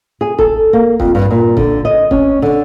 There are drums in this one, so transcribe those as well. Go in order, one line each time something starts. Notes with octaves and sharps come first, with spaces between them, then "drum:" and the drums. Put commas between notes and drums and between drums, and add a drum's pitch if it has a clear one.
G#4
A4, drum: kick
A#3
F2, drum: kick
G2
A#2
D3, drum: kick
D#5
C#4, drum: kick
D3